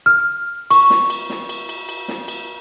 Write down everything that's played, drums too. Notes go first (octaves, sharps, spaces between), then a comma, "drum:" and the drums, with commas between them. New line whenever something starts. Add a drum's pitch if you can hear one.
F6
C#6, drum: cymbal
drum: snare
drum: cymbal
drum: snare
drum: cymbal
drum: cymbal
drum: cymbal
drum: snare
drum: cymbal